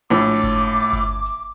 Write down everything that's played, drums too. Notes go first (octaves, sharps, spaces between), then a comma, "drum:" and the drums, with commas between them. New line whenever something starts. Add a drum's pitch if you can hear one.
A#1 A2 D6
drum: hi-hat
drum: kick G1
drum: hi-hat
drum: kick G1, hi-hat
drum: hi-hat